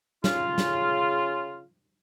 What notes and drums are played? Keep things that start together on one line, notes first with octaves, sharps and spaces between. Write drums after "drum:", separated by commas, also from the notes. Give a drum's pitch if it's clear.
C#3 F4, drum: snare
drum: snare